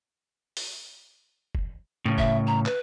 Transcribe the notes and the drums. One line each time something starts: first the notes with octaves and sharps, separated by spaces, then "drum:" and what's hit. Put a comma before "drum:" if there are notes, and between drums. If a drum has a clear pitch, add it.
drum: open hi-hat
drum: kick F1
A2 C#3
E5, drum: kick F1
A#5
B4, drum: clap